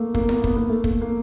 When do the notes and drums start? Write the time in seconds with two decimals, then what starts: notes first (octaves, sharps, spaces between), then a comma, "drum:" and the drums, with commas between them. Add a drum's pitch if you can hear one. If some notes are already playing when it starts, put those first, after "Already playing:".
Already playing: A3 A#3
0.14 A#3, drum: kick
0.29 B3, drum: snare E4
0.44 B3, drum: kick
0.57 A#3
0.69 A3
0.84 A#3, drum: kick
1.01 A#3